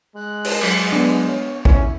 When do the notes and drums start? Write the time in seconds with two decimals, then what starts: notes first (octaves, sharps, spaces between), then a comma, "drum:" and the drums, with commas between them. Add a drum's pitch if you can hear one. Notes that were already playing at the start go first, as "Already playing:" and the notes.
0.16 G#3 F#6
0.45 drum: open hi-hat
0.61 F#3, drum: cymbal
0.92 B3 D4
1.28 C#5
1.65 C#4 E4, drum: kick